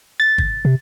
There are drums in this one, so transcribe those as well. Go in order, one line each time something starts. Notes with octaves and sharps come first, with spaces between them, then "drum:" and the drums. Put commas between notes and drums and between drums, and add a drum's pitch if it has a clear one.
A6
drum: kick
C3